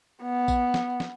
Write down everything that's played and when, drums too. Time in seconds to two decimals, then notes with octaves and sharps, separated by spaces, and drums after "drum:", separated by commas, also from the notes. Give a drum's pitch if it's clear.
0.22 B3
0.48 drum: kick, tambourine
0.74 drum: snare
1.00 drum: snare